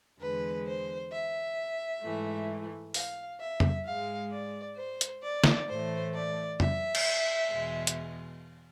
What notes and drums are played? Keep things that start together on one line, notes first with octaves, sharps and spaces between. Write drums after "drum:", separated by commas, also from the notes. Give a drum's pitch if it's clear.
E2 D3 G#3 B4
C5
E5
G#2 E3 A3
F5, drum: open hi-hat
E5
drum: tom
G#2 G#3 F5
D5
C5
drum: hi-hat
D5
drum: snare
A2 E3 A3 C5
D5
E5, drum: tom
drum: cymbal
E2 B2 G#3
drum: hi-hat